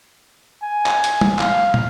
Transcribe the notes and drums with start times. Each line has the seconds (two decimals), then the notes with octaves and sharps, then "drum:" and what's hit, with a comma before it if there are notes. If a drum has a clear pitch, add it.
0.63 G#5
0.86 drum: clap
1.04 drum: hi-hat
1.21 drum: tom
1.39 F5, drum: clap
1.74 drum: tom